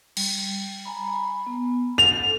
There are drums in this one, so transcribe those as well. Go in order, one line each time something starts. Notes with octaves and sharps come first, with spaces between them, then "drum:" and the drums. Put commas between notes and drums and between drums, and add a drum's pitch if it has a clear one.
G3, drum: cymbal
G#5 A#5 B5
B3
A4 F7